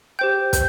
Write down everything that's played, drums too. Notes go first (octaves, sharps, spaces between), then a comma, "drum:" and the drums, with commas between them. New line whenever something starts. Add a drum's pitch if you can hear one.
G4 C5 G5 G6
G6, drum: kick, hi-hat